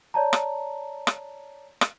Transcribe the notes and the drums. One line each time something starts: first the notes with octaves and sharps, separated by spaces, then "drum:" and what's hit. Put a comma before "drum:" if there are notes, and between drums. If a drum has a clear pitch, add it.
C#5 D5 A5 A#5
drum: rim click
drum: rim click
drum: rim click